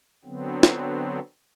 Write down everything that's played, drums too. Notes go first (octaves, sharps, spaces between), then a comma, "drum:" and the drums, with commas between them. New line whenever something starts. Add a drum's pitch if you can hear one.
D3 F#3 B3 C4
drum: snare